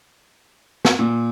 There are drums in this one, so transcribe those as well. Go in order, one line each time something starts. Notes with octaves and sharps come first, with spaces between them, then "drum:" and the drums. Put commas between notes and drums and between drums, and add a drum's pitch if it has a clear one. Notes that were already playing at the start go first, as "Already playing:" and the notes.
drum: snare
A#2